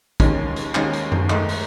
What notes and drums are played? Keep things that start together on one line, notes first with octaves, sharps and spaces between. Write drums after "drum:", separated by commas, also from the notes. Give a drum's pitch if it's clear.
D#2 D#3 G#3 C#4, drum: kick, hi-hat
drum: hi-hat
D#2 D#3 G#3 C#4, drum: clap
drum: hi-hat
drum: tom F#2
G#2 D#3 A3 D#4, drum: clap
drum: open hi-hat